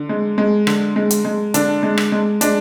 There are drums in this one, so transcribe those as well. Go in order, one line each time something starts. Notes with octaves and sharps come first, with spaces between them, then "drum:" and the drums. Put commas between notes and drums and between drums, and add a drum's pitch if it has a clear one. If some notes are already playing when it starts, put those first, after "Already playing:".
Already playing: D3
G#3
G#3
D3, drum: rim click
G#3
drum: hi-hat
G#3
D3 D4, drum: hi-hat
G#3
drum: rim click
G#3
G#3 D4, drum: hi-hat